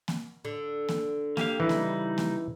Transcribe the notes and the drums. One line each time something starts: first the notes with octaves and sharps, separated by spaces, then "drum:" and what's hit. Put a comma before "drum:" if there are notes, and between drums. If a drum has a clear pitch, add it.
drum: snare A#3
D3
drum: snare A#3
A#3 G4 F5, drum: snare A#3
C#3 E3 G3 D#4
drum: snare A#3
drum: snare A#3